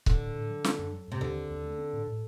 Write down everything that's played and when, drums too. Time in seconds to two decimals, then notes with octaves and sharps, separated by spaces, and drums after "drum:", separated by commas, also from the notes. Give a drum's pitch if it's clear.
0.06 A2 D3, drum: kick C#1
0.21 A2
0.35 A2
0.50 F#3
0.64 A#3, drum: snare
0.78 F#2
0.93 F#3
1.07 F#2 C3
1.21 D#2 D3
1.36 D#3
1.50 D#2
1.64 A3
1.79 C4
1.93 A2
2.07 A2